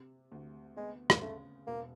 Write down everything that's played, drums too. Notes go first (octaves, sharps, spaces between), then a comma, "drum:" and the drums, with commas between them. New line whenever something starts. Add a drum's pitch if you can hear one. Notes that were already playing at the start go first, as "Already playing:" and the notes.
Already playing: C3
D2
G#3 B3
A#3, drum: rim click
C#3 A3
E1 A#3